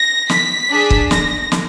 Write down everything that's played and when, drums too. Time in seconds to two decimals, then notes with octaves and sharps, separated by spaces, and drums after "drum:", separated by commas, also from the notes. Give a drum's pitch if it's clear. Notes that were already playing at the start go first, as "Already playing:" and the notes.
Already playing: A#6
0.29 B6, drum: snare
0.71 D4 G#4
0.90 drum: kick
1.11 A#6, drum: snare
1.52 drum: snare